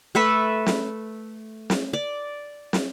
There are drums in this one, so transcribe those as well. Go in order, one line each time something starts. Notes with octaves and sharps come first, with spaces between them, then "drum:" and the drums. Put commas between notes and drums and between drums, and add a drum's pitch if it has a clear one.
A3 A4 B4 E5
drum: snare
drum: snare
D5
drum: snare